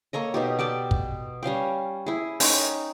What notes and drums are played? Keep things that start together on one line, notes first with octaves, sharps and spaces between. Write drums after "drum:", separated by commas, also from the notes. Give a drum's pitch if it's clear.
A#3 A4 C#5 D#5
B2 D#4 G4
G4 D5 G5 A5
drum: kick
G3 C#4 F5 G5
E4 G#4
C#4 D#4 G5, drum: open hi-hat